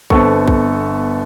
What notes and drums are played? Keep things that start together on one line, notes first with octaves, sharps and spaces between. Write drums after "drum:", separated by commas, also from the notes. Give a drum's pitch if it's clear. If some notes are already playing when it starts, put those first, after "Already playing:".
G1 B3 C4 A4 C#6, drum: kick A#1
drum: kick A#1